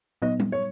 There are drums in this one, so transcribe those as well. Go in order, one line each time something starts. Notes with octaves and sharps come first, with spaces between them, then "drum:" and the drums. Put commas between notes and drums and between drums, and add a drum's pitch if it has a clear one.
A#2 F#3 B3 D#4 D#5
drum: tom G3
C#5